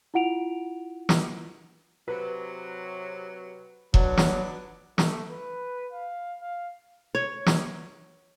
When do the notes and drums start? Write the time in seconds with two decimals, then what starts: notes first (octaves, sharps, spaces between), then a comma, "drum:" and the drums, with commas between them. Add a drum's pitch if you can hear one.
0.14 E4 F4 F#5 D7 F7
1.09 drum: snare
2.08 C3 F#3 B4
3.94 F#3 B3 D4, drum: kick E1
4.17 drum: snare
4.98 A3, drum: snare
5.31 B4
5.92 F5
6.41 F5
7.15 C#5
7.46 drum: snare